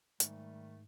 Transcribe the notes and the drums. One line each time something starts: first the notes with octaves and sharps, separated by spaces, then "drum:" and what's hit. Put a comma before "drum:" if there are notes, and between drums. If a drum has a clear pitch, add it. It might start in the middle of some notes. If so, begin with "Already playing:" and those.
G#2 D#3 G3 A3, drum: hi-hat